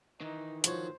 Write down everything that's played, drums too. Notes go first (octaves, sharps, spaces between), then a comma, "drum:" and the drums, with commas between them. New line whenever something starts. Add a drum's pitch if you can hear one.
D#3 E3 D#4
F3 F#4 C5 C#5, drum: hi-hat